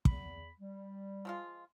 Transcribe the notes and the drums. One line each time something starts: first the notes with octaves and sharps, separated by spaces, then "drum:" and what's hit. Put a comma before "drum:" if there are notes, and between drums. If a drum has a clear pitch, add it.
E2 B5, drum: kick
G3
F3 G#3 F4